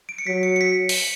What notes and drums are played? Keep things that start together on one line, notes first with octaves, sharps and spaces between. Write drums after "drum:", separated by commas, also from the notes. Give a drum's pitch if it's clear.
D7
C#7
F#3 B6
C#7
C#7
B6
drum: open hi-hat